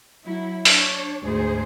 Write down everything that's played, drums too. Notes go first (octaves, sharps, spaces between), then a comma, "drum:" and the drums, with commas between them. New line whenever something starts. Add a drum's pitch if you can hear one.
F#3 E4
D4 C#5, drum: open hi-hat
D2 G#2 G#4 C5